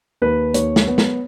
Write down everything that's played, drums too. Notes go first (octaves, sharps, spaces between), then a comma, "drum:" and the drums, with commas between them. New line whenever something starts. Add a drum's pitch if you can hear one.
D#2 B4
D#2 C#5, drum: hi-hat
drum: snare
B3
drum: snare